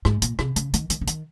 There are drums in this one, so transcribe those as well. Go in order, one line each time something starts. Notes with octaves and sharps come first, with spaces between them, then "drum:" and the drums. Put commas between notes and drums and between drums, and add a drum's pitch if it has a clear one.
G#2, drum: rim click
A#2, drum: hi-hat
C3, drum: rim click
C#3, drum: hi-hat
D#3, drum: hi-hat
D#3, drum: hi-hat
C#3
D#3, drum: hi-hat